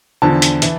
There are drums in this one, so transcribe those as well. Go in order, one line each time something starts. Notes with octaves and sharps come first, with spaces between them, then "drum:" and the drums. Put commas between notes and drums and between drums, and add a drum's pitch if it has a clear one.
E2 D3 F3 A5
drum: hi-hat
E3, drum: hi-hat